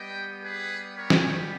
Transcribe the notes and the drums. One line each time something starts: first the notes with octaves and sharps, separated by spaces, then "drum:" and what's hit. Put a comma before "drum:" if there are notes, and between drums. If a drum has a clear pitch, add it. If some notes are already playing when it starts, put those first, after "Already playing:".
Already playing: G3 B3 G4 D#5 G5
G#4 B4
A#4 C#5
drum: snare